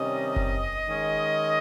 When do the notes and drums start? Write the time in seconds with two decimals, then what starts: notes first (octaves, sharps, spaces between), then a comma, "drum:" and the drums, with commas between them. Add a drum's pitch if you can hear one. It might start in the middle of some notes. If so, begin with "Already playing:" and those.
Already playing: C3 D#3 G3 C#4 D#5
0.36 drum: kick F#1
0.86 D#3 G#3 C#4